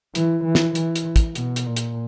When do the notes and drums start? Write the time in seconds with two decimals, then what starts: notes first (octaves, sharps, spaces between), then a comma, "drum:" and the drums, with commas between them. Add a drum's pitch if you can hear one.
0.15 E3, drum: hi-hat
0.45 E3
0.55 drum: snare
0.75 E3, drum: hi-hat
0.96 drum: hi-hat
1.16 drum: kick, hi-hat
1.35 B2, drum: hi-hat
1.56 drum: hi-hat
1.66 A#2
1.76 drum: hi-hat